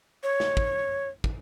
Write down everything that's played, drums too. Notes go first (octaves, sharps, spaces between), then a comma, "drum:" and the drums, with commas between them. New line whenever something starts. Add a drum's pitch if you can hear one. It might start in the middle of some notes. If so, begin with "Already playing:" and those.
C#5
drum: snare
drum: kick
drum: kick